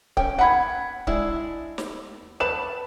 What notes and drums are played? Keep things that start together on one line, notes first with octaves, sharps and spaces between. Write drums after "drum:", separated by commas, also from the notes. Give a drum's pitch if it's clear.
C#4 G5, drum: kick C#1
F#5 B5 G#6
G#3 D4 E4, drum: kick C#1
drum: snare
B4 A5 B5 E7